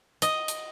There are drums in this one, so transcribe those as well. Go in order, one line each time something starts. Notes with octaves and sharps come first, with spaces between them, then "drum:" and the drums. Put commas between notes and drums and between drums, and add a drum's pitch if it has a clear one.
D#5, drum: hi-hat
drum: hi-hat